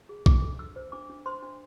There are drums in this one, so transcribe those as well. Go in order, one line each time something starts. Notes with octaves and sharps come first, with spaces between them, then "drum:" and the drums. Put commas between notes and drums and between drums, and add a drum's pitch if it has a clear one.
G#4
D4 D6, drum: kick
A4
A4 E6
C5
D4 D6
D4
C5 C6
D4